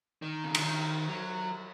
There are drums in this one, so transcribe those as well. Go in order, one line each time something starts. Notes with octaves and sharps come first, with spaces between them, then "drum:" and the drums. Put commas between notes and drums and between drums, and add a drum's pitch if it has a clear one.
D#3
C#3
D3, drum: cymbal
D#3
F#3